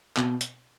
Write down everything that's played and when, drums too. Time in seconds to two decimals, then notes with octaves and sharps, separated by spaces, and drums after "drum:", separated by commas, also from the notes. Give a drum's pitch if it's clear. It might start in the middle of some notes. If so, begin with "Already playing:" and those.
0.17 B2, drum: clap
0.41 drum: hi-hat